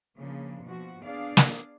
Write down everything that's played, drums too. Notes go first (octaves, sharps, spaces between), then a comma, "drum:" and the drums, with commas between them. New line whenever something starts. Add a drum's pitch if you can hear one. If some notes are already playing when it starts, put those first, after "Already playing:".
C#3 F3 A#3 D4
B2 F3 F#4
B3 D4 G#4 D5 F5
drum: snare